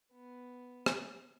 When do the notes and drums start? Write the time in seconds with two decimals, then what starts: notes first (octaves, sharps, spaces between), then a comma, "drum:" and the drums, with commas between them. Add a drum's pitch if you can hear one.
0.13 B3
0.86 drum: rim click